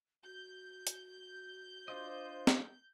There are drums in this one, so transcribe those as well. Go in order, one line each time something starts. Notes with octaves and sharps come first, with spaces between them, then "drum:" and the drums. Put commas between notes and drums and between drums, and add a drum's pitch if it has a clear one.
F#4 G6
drum: hi-hat
D4 F4 C5 D#5
drum: snare